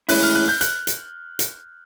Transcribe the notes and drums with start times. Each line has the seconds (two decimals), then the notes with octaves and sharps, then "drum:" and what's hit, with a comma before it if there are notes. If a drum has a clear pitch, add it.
0.09 A2 E3 G#3 C#4 E4 F#6, drum: open hi-hat
0.22 F6
0.35 F#6
0.48 G6
0.61 F#6, drum: hi-hat
0.87 drum: hi-hat
1.39 drum: hi-hat